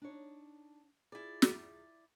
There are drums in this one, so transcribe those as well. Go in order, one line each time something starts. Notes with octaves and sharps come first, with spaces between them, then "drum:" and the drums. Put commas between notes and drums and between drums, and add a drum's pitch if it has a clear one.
D4 D#4 C#5
E4 F4 G#4 D5
drum: snare